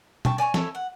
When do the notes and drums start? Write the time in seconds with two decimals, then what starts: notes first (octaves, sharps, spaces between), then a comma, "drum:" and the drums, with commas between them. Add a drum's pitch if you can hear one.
0.25 G5 A5 C#6, drum: tom B2
0.38 D5 G#5 A#5 C#6
0.54 E4 A4 C#5, drum: snare
0.75 F#5